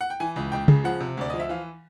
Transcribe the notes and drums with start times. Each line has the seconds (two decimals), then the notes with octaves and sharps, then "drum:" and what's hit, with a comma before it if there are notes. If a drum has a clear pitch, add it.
0.01 F#5
0.10 G5
0.20 E3 G#5
0.36 C#2
0.52 C#2 G5
0.68 C#3, drum: tom
0.84 F3 F#5
1.00 C3
1.17 D2 D5
1.30 F3 D#5
1.40 E5
1.49 E3 F5